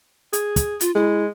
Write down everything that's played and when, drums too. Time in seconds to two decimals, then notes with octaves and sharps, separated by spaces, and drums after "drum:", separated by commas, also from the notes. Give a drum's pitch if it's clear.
0.33 G#4, drum: hi-hat
0.56 drum: kick, hi-hat
0.81 F4, drum: hi-hat
0.95 G#3 E4